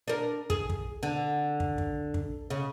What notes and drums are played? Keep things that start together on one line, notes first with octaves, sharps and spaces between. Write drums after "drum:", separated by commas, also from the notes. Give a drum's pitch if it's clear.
D4 A#4
G#4, drum: kick
drum: kick
D3
drum: kick
drum: kick
drum: kick
C#3